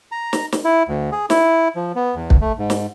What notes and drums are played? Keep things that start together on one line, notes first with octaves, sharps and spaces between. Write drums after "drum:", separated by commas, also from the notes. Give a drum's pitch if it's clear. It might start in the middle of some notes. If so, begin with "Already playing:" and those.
A#5
drum: snare
drum: snare
E4
D2
G#4
E4, drum: snare
F3
B3
E2
drum: kick
A3
G#2
drum: snare